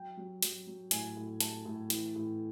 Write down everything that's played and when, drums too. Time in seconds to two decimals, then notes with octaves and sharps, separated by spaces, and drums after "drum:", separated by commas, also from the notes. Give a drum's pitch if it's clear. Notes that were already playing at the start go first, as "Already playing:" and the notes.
Already playing: F#3 G5
0.17 F#3
0.43 F#3, drum: hi-hat
0.67 F#3
0.91 A2 G#5, drum: hi-hat
1.17 A2
1.40 A2 A5, drum: hi-hat
1.65 A2
1.90 E3, drum: hi-hat
2.16 A2